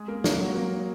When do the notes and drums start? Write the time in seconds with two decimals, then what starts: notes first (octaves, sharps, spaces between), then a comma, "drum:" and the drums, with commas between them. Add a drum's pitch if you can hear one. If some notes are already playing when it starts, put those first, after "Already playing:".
Already playing: G#3 G#4
0.08 A#3 A#4
0.24 A#3 A#4, drum: snare
0.39 F#3 F#4
0.55 A#3 A#4